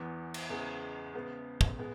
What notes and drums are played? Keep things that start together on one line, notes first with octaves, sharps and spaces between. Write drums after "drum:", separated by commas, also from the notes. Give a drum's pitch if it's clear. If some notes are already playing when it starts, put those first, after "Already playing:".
Already playing: E2 E3 B3
drum: cymbal
E2 C#3 G#3 B3
C#3 G#3 B3
drum: kick
G#3 B3